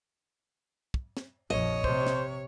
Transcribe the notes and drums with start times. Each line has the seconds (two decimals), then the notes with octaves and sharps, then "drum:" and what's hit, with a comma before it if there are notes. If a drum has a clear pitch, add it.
0.94 drum: kick
1.17 drum: snare
1.50 A#1 F2 C#5 D#5
1.84 C3 C5, drum: kick
2.07 drum: snare